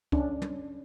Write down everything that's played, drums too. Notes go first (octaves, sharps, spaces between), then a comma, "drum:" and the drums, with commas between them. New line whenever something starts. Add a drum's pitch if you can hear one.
C#4 D4, drum: kick C#2
drum: tom